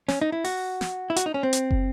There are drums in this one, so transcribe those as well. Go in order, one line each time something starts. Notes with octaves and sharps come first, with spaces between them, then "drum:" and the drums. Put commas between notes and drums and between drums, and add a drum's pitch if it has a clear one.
C#4, drum: snare
D#4
E4
F#4, drum: open hi-hat
drum: snare
E4
F#4, drum: hi-hat
D#4
C#4
C4
drum: hi-hat
drum: kick